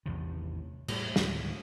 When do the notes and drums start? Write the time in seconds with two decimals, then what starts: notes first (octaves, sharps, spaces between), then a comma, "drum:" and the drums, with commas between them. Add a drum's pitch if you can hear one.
0.06 A1 E2 C3 D#3
0.88 A2 G3, drum: cymbal
1.16 D2 A2 D#3 G#3, drum: snare